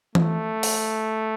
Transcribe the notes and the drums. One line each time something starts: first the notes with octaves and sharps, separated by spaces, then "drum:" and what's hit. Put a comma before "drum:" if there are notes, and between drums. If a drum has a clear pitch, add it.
A3, drum: tom E3
drum: open hi-hat